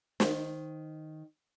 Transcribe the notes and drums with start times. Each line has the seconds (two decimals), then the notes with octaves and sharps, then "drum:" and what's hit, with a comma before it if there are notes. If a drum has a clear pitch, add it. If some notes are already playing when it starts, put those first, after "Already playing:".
0.20 D#3 C5, drum: snare